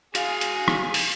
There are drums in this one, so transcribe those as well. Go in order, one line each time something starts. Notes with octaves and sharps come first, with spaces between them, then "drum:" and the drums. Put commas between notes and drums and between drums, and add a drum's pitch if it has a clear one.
F#4 G#4 F5 G#5, drum: hi-hat
drum: hi-hat
drum: rim click
drum: open hi-hat